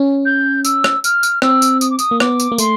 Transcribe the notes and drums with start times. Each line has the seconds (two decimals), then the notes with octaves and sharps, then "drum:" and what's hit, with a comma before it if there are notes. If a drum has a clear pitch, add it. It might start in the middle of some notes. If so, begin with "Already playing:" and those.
Already playing: C#4
0.26 G6
0.65 E6, drum: tambourine
0.84 drum: rim click
1.04 F6, drum: tambourine
1.23 drum: tambourine
1.42 C4 E6, drum: rim click
1.62 drum: tambourine
1.81 D#6, drum: tambourine
1.90 D6
1.99 D#6, drum: tambourine
2.11 A#3
2.20 B3 D6, drum: rim click
2.40 drum: tambourine
2.52 A#3
2.58 A3 C6, drum: tambourine